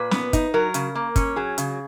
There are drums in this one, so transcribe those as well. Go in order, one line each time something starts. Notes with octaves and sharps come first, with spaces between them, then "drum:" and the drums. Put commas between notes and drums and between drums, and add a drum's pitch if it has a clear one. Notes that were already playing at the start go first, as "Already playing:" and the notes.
Already playing: A#2 B4
B3, drum: snare
D#4, drum: kick, hi-hat
F#3 A#4
C#3, drum: hi-hat
A#3
C#4, drum: kick, hi-hat
F#3 G#4
C#3, drum: hi-hat